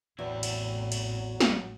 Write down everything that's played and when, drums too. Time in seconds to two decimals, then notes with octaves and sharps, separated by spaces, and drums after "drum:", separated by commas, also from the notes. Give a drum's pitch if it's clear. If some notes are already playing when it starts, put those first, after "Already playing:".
0.19 A1 E2 C3 F#3 E4
0.43 drum: cymbal
0.92 drum: cymbal
1.40 drum: snare